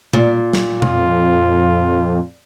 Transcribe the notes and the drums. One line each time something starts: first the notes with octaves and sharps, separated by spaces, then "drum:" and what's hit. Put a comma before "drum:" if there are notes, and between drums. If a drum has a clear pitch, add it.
A#2, drum: tom B2
drum: snare
F2 F4, drum: tom B2